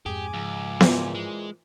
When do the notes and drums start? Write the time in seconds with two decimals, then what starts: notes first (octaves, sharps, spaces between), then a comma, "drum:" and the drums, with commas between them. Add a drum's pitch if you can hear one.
0.06 F2 G#2 G4 G#4 G#5 D6
0.34 C#2 G#2 F3
0.81 A#2 E3 C4, drum: snare B3
1.15 G#3